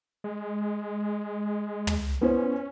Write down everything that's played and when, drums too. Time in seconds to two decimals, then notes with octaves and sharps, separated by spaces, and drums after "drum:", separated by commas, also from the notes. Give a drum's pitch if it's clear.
0.24 G#3
1.87 drum: tom
2.21 B3 C#4 E4 C5